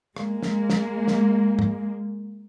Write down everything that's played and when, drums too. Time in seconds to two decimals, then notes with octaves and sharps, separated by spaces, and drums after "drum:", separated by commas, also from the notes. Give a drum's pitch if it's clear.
0.16 G#3 A#3, drum: rim click
0.43 drum: snare
0.70 drum: snare
1.08 drum: snare
1.59 drum: tom